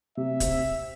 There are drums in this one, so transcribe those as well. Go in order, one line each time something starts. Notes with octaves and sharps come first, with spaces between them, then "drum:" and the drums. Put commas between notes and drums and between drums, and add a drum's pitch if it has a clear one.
C3 E5
C4, drum: kick, hi-hat